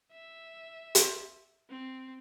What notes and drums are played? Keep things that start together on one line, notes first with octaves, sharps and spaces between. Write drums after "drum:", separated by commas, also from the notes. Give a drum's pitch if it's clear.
E5
drum: hi-hat
C4